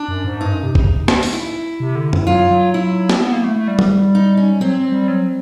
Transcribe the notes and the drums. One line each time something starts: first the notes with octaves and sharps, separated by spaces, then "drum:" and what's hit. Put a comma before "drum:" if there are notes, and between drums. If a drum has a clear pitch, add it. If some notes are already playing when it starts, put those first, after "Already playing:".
Already playing: D4
F#2
G#2
G2 D#4
F#2
C3
C#3, drum: kick
drum: snare
drum: open hi-hat
E4
C3
D3
drum: tom F#2
F#3 F4
F#3
E4
drum: snare
B3
A#3
A3
A3
G3
drum: tom
D#4
C#4
F#3 C4
G3
F#3